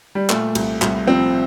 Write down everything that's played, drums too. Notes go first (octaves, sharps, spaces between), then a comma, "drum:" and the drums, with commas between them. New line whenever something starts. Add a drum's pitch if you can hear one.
G3
A#2 A3, drum: clap
C2, drum: cymbal
C2, drum: clap
F3 C4